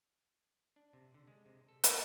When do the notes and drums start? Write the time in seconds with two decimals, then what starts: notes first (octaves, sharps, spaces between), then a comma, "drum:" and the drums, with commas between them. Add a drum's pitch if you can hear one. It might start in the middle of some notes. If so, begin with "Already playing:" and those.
0.76 D4
0.93 C3
1.14 D3
1.27 G#3
1.46 C3
1.69 A4
1.84 C5, drum: hi-hat